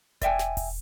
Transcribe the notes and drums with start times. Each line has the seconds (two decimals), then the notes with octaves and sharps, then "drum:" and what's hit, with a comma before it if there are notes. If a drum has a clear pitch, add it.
0.21 D5 E5 G5 G#5, drum: kick E1, hi-hat
0.39 drum: snare
0.57 drum: kick E1, open hi-hat